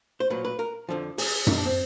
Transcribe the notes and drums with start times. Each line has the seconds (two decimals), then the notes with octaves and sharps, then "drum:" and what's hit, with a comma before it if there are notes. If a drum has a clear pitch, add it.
0.20 C5
0.30 A#2 F#3 B4
0.45 B4
0.59 A#4
0.89 F2 D3 F3
1.18 G#4, drum: open hi-hat
1.47 A#2 G3 D#4, drum: tom F#2
1.57 D4
1.66 C4